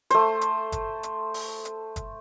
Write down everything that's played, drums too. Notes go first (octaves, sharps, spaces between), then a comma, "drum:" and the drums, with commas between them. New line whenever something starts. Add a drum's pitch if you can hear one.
A3 C5, drum: hi-hat
drum: hi-hat
drum: kick, hi-hat
drum: hi-hat
drum: open hi-hat
drum: hi-hat
drum: kick, hi-hat